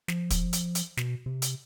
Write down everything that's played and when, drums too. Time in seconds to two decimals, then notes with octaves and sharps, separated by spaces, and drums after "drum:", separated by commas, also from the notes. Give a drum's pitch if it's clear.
0.08 F3, drum: snare
0.31 drum: kick, hi-hat
0.53 drum: hi-hat
0.75 drum: hi-hat
0.97 B2, drum: snare
1.26 C3
1.42 drum: hi-hat